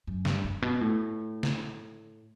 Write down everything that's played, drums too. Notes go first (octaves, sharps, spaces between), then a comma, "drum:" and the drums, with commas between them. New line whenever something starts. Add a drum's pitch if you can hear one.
F#2
G2, drum: snare
G2
B2
A2
drum: snare